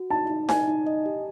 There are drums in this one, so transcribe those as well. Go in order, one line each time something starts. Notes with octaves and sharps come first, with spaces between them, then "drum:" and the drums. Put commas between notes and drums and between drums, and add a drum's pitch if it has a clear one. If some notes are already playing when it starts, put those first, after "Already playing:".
Already playing: F#4
D#4 A5
D#4
D#4 G#5, drum: snare D#4
D#4
D#5
G4